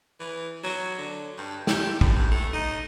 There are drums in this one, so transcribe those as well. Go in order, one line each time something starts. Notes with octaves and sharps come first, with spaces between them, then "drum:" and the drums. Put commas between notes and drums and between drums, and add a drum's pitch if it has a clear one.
E3
F#3
D3
G2
G4, drum: snare
F#2, drum: kick
G2
A3
D#4